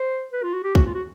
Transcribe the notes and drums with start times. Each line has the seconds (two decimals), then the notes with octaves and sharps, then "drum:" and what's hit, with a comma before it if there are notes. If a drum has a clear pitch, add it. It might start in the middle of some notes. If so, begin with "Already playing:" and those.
Already playing: C5
0.33 B4
0.43 F4
0.54 F#4
0.64 G4
0.75 F#4, drum: kick
0.86 F4
0.94 F#4